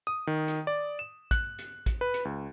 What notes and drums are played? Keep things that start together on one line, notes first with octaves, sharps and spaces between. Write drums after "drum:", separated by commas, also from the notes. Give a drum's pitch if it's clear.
D#6
D#3
drum: hi-hat
D5
E7
F#6, drum: kick A1, hi-hat
drum: hi-hat
drum: kick A1, hi-hat
B4
drum: hi-hat
C#2